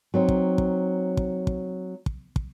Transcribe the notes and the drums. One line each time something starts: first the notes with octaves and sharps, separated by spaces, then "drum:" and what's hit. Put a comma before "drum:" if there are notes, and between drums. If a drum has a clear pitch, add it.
F#3 C4 D#4
drum: kick
drum: kick
drum: kick
drum: kick
drum: kick
drum: kick